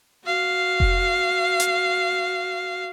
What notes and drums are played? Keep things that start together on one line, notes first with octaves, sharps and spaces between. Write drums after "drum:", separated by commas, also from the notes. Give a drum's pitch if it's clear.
F#4 F5
drum: kick F1
drum: hi-hat